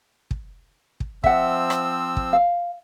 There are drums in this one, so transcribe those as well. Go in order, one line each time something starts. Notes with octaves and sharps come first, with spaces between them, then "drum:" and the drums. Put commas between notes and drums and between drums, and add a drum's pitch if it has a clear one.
drum: kick
drum: kick
F3 C4 E5 F#5 E6, drum: kick
drum: rim click
drum: kick
F5